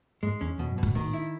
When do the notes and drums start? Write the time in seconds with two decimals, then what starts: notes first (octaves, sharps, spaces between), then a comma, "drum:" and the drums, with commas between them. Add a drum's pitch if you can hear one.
0.23 G#2 G#3
0.41 E2 C#4
0.58 E2 B2
0.71 F#2
0.78 B2
0.83 G#2, drum: kick
0.95 A2 D#3
1.13 E4